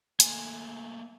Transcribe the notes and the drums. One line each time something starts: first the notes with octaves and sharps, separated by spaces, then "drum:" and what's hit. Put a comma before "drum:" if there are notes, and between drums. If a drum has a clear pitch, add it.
A3 A#3 G#5, drum: hi-hat